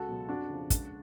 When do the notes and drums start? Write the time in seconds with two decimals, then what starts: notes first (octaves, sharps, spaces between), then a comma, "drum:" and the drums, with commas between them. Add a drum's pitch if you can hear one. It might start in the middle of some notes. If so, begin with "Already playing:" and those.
Already playing: C#2 F#4 A4
0.08 B2 F#3
0.29 F2 D4 F#4
0.49 C#3 F3
0.70 C#2, drum: kick, hi-hat